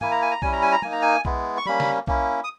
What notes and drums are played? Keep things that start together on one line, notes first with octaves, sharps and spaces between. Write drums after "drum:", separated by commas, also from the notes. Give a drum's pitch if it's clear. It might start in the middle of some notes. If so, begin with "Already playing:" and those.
A#3 E4 G#5, drum: tom G#2
A#5
G#5
A#5
G3 C#4 E4 G#5, drum: kick B1
A#5
G#5
A#5
A#3 D#4 G#5, drum: tom
A#5
G#5
G#3 B3 E4, drum: kick B1
C#6
G3 A#3 C#4 B5, drum: tom
drum: snare
A#3 C#4 E4, drum: kick B1
D#6